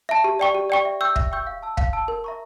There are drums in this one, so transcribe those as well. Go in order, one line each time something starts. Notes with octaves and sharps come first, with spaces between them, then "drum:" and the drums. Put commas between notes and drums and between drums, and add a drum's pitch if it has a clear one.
E5 A5
G4
D5 G5 C#6
G4
D5 G5 C#6
E5
G5 C#6 E6 G6
E5, drum: kick
G5 C#6 E6 G6
F5
A5 E6
F5, drum: kick
A5 E6
A#4
E5 A#5 C#6